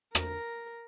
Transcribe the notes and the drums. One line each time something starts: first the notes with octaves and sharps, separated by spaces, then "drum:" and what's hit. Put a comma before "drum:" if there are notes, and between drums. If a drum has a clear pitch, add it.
A#4, drum: rim click